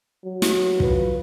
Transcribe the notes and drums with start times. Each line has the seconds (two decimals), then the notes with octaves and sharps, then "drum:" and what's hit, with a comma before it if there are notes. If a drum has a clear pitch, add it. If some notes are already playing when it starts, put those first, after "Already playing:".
0.24 F#3
0.42 drum: snare
0.80 F4 B4, drum: kick